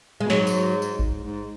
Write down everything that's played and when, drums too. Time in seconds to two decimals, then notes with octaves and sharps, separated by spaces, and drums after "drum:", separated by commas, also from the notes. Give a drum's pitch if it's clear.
0.20 G#3
0.25 B2
0.30 G#2 F#3, drum: snare
0.47 drum: tambourine
0.82 drum: tambourine
0.99 G#2, drum: kick A1
1.24 G#2